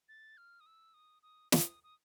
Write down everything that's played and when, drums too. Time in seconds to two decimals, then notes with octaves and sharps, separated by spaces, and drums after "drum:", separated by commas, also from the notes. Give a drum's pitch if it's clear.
0.09 A6
0.37 F6
0.60 D#6
0.66 E6
0.94 D#6
1.23 D#6
1.52 D#6, drum: snare
1.84 D#6